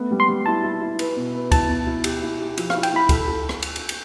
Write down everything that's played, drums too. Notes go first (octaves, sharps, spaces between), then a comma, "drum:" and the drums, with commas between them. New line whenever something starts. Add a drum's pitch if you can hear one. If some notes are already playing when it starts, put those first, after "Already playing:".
Already playing: A3 B3
G3
C6
G3
E4 A5
E4
E4
B4, drum: cymbal
B2
B4
E4 A5, drum: kick C#2, cymbal
B2
E4
G4, drum: cymbal
E4
G4
F3, drum: cymbal
F5, drum: rim click
E4
G5, drum: cymbal
E4 B5
A4, drum: kick C#2, cymbal
A4
drum: rim click
drum: cymbal
drum: cymbal
drum: cymbal